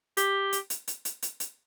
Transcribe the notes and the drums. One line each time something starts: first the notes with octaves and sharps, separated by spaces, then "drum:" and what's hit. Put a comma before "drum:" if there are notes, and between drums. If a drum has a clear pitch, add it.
G4, drum: hi-hat
drum: hi-hat
drum: hi-hat
drum: hi-hat
drum: hi-hat
drum: hi-hat
drum: hi-hat